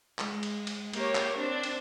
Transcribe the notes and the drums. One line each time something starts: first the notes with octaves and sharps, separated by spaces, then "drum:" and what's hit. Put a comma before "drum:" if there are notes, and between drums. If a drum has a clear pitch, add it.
G#3, drum: clap
drum: cymbal
drum: cymbal
A#3 G4 A#4 C#5, drum: cymbal
drum: clap
C4 D4 C5
drum: cymbal